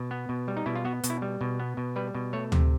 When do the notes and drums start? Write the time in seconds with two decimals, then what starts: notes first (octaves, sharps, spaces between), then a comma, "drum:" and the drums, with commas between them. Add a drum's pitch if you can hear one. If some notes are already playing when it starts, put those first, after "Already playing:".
Already playing: B2
0.11 B3
0.29 B2
0.48 G3
0.56 D#4
0.66 B2 E4
0.76 F4
0.85 B3 F#4
1.04 B2, drum: hi-hat
1.10 E4
1.22 G3
1.41 B2
1.60 B3
1.77 B2
1.96 G3 B4
2.15 B2
2.33 A3 C#5
2.52 C3, drum: tom D2